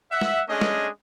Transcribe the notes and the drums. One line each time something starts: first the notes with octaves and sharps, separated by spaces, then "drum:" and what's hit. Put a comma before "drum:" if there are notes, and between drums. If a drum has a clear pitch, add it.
E5 F#5
drum: snare
G#3 A3 C#4 D4 G#4 D#5
drum: snare